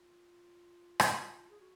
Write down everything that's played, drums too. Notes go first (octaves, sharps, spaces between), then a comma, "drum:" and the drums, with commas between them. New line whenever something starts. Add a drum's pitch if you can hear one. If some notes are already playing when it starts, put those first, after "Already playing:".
Already playing: F4
drum: rim click
G#4
F#4